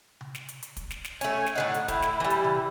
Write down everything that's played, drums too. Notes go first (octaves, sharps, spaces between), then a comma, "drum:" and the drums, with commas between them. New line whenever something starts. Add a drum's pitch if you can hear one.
drum: tom C3
drum: snare
drum: hi-hat
drum: hi-hat
drum: kick, hi-hat
drum: snare
drum: snare
A3 C#4 G#5, drum: hi-hat
drum: snare
A2 D3 D#4 F#5
drum: hi-hat
A2 E4, drum: kick, hi-hat
drum: snare
E3 G3
drum: hi-hat
drum: tom C3